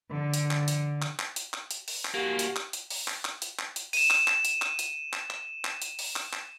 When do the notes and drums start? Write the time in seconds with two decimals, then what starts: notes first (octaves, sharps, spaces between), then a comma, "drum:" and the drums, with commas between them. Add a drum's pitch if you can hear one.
0.11 D3
0.34 drum: hi-hat
0.51 drum: clap
0.68 drum: hi-hat
1.02 drum: clap
1.19 drum: clap
1.36 drum: hi-hat
1.53 drum: clap
1.71 drum: hi-hat
1.88 drum: open hi-hat
2.05 drum: clap
2.14 A#3 F#4 G4
2.39 drum: hi-hat
2.56 drum: clap
2.73 drum: hi-hat
2.90 drum: open hi-hat
3.08 drum: clap
3.25 drum: clap
3.42 drum: hi-hat
3.59 drum: clap
3.76 drum: hi-hat
3.93 D#7 E7, drum: open hi-hat
4.10 drum: clap
4.27 drum: clap
4.45 drum: hi-hat
4.62 drum: clap
4.79 drum: hi-hat
5.13 drum: clap
5.30 drum: clap
5.64 drum: clap
5.82 drum: hi-hat
5.99 drum: open hi-hat
6.16 drum: clap
6.33 drum: clap